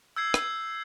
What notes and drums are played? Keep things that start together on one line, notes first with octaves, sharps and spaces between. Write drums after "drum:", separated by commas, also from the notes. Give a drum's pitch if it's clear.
E6 G6 G#6 C7
drum: rim click